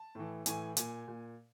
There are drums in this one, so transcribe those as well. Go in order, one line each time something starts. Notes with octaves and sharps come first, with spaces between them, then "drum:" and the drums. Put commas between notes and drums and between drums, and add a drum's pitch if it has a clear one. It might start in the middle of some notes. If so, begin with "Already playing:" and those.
Already playing: A5
A2 E3
A2 E3 G#5, drum: hi-hat
A#2 G#5, drum: hi-hat
A#2